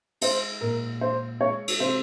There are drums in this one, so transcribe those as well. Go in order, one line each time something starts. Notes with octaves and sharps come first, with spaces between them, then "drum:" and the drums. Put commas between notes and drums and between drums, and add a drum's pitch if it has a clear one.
G#3 C5, drum: cymbal
A#2 A#4
G#3 C5
G#3 C#5
drum: cymbal
C3 C5